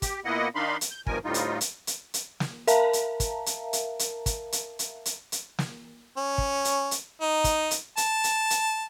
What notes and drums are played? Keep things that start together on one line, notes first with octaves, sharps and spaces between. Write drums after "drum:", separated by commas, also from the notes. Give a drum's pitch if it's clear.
G4, drum: kick, hi-hat
A#2 A#3 B3 E4 D#5 F#5
D#3 D4 D#4 F5 B5 C6
drum: hi-hat
G6
G2 B2 D#3 F3 A#4 G#5, drum: kick
D2 A2 G3 D#4 F4
drum: hi-hat
drum: hi-hat
drum: hi-hat
drum: hi-hat
drum: snare
A#4 E5 F5 A5 A#5, drum: hi-hat
drum: hi-hat
drum: kick, hi-hat
drum: hi-hat
drum: hi-hat
drum: hi-hat
drum: kick, hi-hat
drum: hi-hat
drum: hi-hat
drum: hi-hat
drum: hi-hat
drum: snare
C#4
drum: kick
drum: hi-hat
drum: hi-hat
D#4
drum: kick, hi-hat
drum: hi-hat
A5, drum: hi-hat
drum: hi-hat
drum: hi-hat